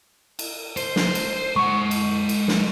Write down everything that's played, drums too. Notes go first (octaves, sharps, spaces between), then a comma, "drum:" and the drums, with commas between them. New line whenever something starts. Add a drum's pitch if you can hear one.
drum: cymbal
C5, drum: cymbal
drum: snare
drum: cymbal
G#3 F#5 C#6
drum: cymbal
drum: cymbal
drum: snare